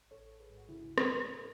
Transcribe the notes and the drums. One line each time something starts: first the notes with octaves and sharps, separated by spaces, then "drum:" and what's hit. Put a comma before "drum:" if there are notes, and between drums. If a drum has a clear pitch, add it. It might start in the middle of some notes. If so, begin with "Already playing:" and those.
Already playing: G#1
A1 A4 C#5
A1
G#4 B4
G#2
F#4
C#3 E4 G#4
E2
drum: rim click
E2
A2